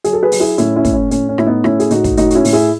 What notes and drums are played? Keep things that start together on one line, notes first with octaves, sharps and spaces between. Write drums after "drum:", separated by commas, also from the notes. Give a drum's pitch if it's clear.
F#3 G#4, drum: hi-hat
A4
G#4 B4
F#3, drum: open hi-hat
E4 G#4
A2 C#4 E4, drum: hi-hat
C#4 E4
A2, drum: kick, hi-hat
C#4
A2 C#4, drum: hi-hat
C#4
A2 E4, drum: rim click
B3 D#4
A2 C#4 E4, drum: rim click
G#4, drum: hi-hat
A2 D#4 F#4, drum: hi-hat
drum: kick, hi-hat
A2 D#4 F#4, drum: hi-hat
F#4, drum: hi-hat
C#4 E4
A2, drum: open hi-hat
E4 G#4